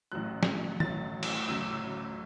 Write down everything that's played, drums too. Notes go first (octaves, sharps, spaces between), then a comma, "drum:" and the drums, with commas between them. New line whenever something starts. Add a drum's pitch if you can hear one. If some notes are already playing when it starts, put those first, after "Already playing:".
A1 A2 F#3 F#6
drum: snare
A1 A2 F#3 A6, drum: tom
drum: cymbal
D2 C#3 F#3 E6